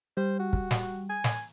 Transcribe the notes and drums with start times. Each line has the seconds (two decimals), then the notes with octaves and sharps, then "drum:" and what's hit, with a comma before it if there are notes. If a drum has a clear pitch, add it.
0.17 G3 C5
0.39 F#4
0.53 drum: kick
0.71 drum: snare
1.10 G#5
1.24 drum: snare